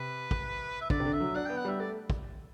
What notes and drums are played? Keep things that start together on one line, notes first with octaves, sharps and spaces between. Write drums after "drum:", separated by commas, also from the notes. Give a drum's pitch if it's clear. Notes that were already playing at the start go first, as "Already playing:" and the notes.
Already playing: C3 B4
drum: kick
E5
D3 D5, drum: kick
C3
D3
E5
F#3
D4 F#5
B3 G5
F#5
G3 E5
A3 D5
drum: kick